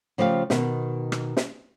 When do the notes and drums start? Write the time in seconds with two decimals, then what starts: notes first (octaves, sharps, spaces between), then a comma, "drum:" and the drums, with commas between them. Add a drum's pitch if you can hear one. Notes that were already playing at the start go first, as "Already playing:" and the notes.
0.18 C#3 F3 A3 G4 E5 F5
0.50 B2 D#3, drum: snare
1.12 drum: rim click
1.37 drum: snare